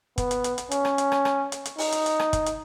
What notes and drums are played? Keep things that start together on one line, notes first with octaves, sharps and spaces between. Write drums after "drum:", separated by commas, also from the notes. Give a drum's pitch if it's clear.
B3, drum: kick, hi-hat
drum: hi-hat
drum: hi-hat
drum: hi-hat
C#4, drum: hi-hat
drum: rim click
drum: hi-hat
drum: rim click
drum: rim click
drum: hi-hat
drum: hi-hat
D#4, drum: open hi-hat
drum: hi-hat
drum: hi-hat
drum: rim click
drum: kick, hi-hat
drum: hi-hat